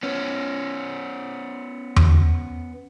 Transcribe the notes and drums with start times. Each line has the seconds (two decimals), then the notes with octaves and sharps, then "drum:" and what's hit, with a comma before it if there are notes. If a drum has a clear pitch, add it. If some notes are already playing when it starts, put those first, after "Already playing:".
0.03 B3 C#4
1.96 drum: tom E2